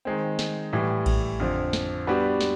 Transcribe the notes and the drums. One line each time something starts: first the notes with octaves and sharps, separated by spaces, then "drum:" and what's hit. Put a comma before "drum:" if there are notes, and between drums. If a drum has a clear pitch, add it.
D#3 G#3 C4
drum: snare
A2 E3 G3
drum: kick A1, cymbal
F2 D3 F3
drum: snare
G3 B3 D4 F#4 B4
drum: snare